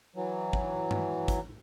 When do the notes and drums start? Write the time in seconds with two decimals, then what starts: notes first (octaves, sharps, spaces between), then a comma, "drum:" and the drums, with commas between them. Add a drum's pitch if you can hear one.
0.16 E3 F#3
0.53 drum: kick
0.91 drum: tom G2
1.28 drum: kick, hi-hat